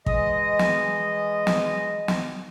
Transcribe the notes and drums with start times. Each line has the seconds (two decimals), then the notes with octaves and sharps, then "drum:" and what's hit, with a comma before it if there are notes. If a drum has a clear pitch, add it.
0.06 E3 G#3 G#4 D#5, drum: kick
0.59 drum: snare
1.47 drum: snare
2.08 drum: snare